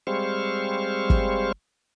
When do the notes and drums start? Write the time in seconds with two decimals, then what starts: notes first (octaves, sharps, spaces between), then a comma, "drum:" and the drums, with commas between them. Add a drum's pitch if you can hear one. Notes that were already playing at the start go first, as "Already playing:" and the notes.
0.07 G3 G#3 C4 C5 F5 C#6
1.10 drum: kick